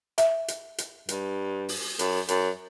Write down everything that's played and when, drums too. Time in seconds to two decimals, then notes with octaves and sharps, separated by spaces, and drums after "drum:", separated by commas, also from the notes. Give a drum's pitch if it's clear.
0.18 E5, drum: hi-hat
0.48 drum: hi-hat
0.78 drum: hi-hat
1.09 G2, drum: hi-hat
1.69 drum: open hi-hat
1.99 F#2, drum: hi-hat
2.28 F#2, drum: hi-hat